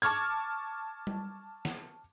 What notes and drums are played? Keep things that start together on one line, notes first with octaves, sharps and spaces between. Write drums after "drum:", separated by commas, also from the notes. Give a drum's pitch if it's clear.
A5 C#6 D6 F6 G#6, drum: open hi-hat
drum: tom G3
drum: snare